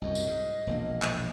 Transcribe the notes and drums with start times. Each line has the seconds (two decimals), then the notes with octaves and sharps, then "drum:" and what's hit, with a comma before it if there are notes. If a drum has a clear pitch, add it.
0.02 C2 F#2 D#5
0.15 drum: tambourine
0.27 G#2
0.67 E1 A#1 A#3
1.02 drum: clap